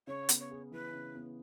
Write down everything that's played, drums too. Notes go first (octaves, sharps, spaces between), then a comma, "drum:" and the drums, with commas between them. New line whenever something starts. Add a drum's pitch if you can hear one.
C#3 C#5
B3, drum: hi-hat
C#5
G#4
E3 B4
C#3
B3